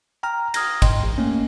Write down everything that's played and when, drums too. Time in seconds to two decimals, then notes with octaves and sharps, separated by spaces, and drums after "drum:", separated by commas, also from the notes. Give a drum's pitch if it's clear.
0.23 G5 A#5 F6
0.54 D#6 F6 G#6 A#6, drum: cymbal
0.82 G#2 D#5 G5 C6, drum: kick, cymbal
1.03 A1
1.18 A3 A#3 C#4